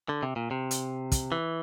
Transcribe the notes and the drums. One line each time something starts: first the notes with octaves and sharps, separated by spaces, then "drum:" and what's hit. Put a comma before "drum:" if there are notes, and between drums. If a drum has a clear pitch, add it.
D3
C3
A#2
C3
drum: hi-hat
drum: kick, hi-hat
E3